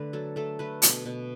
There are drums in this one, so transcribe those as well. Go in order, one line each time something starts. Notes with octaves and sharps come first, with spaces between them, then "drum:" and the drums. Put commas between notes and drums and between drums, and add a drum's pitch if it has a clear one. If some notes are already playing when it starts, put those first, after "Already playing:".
Already playing: D3 A3 B4
F#3 A4
A3 A4
A3 B4
B2, drum: hi-hat
B2